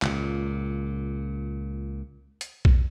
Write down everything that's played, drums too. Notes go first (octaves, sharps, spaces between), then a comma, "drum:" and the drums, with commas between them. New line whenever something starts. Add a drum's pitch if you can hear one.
C#2 A#2, drum: clap
drum: hi-hat
drum: kick B1